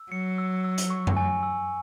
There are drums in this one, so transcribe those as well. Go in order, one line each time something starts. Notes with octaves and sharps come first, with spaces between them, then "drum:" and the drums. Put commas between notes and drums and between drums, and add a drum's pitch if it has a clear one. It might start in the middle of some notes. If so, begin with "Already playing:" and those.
Already playing: E6
F#3 C#7
E6
E6
drum: hi-hat
C#6
drum: tom F#2
G#5
E6